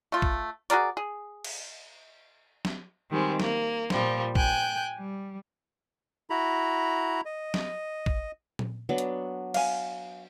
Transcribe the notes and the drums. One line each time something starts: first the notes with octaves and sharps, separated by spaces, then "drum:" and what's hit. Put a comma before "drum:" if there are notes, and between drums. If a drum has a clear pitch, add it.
A3 F4
drum: kick
F#4 G#4 A#4 D5, drum: hi-hat
G#4
drum: cymbal
drum: snare
D#3 G3 G#3 C4
A#3, drum: snare
A#2 F3 G3, drum: snare
G5 G#5 F#6 G6, drum: kick
G3
E4 F#4 A#5 B5
D#5
drum: snare
drum: kick
drum: tom A#2
F#3 B3 D4
drum: hi-hat
F5 G#5, drum: cymbal